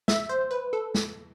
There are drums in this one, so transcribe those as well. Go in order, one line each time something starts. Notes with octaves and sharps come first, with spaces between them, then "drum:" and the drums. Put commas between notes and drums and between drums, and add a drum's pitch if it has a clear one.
E5, drum: snare
C5
B4
A4
drum: snare